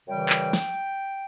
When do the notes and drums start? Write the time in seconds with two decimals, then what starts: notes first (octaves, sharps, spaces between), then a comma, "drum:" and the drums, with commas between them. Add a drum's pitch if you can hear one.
0.07 F#2 C#3 E3 G3 G5
0.29 drum: clap
0.53 drum: snare